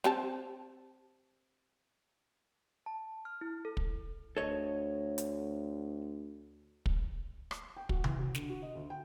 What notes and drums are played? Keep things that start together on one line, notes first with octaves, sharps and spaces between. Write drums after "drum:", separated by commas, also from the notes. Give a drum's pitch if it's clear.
C4 G4 A5, drum: snare
A5
F6
E4
A4
drum: kick
D2 A4 C#5 D#5
drum: hi-hat
drum: kick
drum: rim click
G5
F#4, drum: kick
E3, drum: tom C3
F#3
D3, drum: snare
F#4
D#5
D2
G5